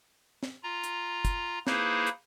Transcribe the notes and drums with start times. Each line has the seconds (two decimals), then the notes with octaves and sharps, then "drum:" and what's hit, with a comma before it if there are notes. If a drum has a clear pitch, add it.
0.43 drum: snare
0.63 F4 A#5
0.84 drum: hi-hat
1.25 drum: kick, hi-hat
1.67 A#3 D#4 E4 G#4 B4 C5, drum: snare
2.07 drum: hi-hat